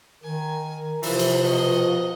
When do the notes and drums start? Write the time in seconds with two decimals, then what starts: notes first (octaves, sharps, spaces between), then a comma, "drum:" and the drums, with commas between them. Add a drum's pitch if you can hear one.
0.23 D#3 A#4 G#5
1.03 C3 E3 F3 C5, drum: open hi-hat
1.19 drum: cymbal
1.43 F2 B2 D#5